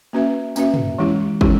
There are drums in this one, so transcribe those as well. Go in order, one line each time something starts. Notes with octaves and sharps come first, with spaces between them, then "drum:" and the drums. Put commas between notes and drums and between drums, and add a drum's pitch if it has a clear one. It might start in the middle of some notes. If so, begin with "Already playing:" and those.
A#3 C#4 F#4 B4 E5
A#3 C#4 F#4 B4 E5, drum: tambourine
drum: tom
E3 G#3 C#4 E4 G4
E3 G#3 C#4 E4 G4, drum: kick